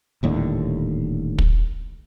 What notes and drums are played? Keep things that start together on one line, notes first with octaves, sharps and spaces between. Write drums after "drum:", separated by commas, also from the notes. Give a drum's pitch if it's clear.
D#1 D#2 A2 D3
drum: kick